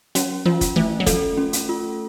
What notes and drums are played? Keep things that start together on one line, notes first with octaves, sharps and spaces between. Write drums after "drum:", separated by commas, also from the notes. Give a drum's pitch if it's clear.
F#3 C#4, drum: hi-hat
F3 F4
drum: kick F1, hi-hat
E3 A3
F#3
F3 A4, drum: kick F1, hi-hat
C#4
drum: hi-hat
F4